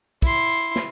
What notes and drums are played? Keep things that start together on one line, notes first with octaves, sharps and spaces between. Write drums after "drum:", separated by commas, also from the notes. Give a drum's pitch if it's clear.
E4 C6, drum: kick, tambourine
drum: tambourine
drum: tambourine
drum: tambourine
drum: snare